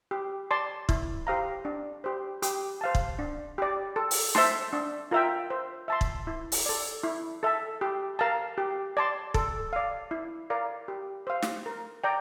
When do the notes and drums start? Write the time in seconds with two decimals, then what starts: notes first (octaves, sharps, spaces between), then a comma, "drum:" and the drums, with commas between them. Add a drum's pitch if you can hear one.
0.11 G4
0.51 D5 A5 C6
0.89 E4, drum: kick
1.27 G4 C5 F5 A#5
1.65 D4
2.04 G4 C5
2.42 G4, drum: hi-hat
2.81 C5 F5 A5
2.95 drum: kick
3.19 D4
3.58 G4 D5
3.96 A4
4.11 drum: open hi-hat
4.35 C5 E5 A5 C6, drum: snare
4.73 D4
5.11 F4 A#4 E5 G5
5.50 C5
5.88 E5 A5 C6
6.01 drum: kick
6.27 E4
6.52 drum: open hi-hat
6.66 A4 D5
7.03 E4
7.43 A4 E5 A5
7.81 G4
8.19 A#4 F5 A5
8.58 G4
8.97 D5 A5 C6
9.34 A4, drum: kick
9.73 D5 F5
10.11 E4
10.50 A#4 D5 F5
10.88 G4
11.27 C5 F5
11.42 drum: snare
11.66 A#4
12.04 D5 G5 A#5